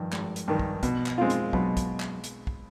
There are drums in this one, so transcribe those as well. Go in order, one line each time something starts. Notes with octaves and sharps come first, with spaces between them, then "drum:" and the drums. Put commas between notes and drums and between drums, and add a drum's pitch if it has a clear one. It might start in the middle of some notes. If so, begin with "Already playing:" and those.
Already playing: G2 D#3 F3
G#1, drum: clap
drum: hi-hat
G2 D#3
drum: kick
B2, drum: kick, hi-hat
drum: clap
G#3 C4 F4
drum: hi-hat
B2 F#3, drum: kick
drum: kick, hi-hat
drum: clap
drum: hi-hat
drum: kick